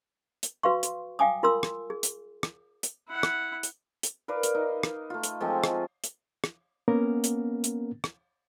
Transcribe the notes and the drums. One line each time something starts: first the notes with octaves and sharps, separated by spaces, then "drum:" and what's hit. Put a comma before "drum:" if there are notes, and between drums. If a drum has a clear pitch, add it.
drum: hi-hat
F#4 B4 F5 C6 C#6
drum: hi-hat
F5 G5 G#5 D6 D#6
F4 A#4 C6 D#6 E6
drum: rim click
G#4
drum: hi-hat
drum: rim click
drum: hi-hat
E4 F#5
drum: rim click
drum: hi-hat
drum: hi-hat
A#4 B4 D5 F5
drum: hi-hat
D#4
drum: rim click
A3 F4
drum: hi-hat
F3 G#3 A3 C4
drum: rim click
drum: hi-hat
drum: rim click
A#3 B3 C#4 A#4
drum: hi-hat
drum: hi-hat
drum: rim click